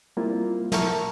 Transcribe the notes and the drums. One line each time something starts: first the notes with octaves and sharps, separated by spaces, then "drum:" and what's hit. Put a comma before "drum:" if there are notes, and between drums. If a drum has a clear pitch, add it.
G3 A#3 C4 E4 F4
A#4 E5 A5 A#5 C#6 F6, drum: snare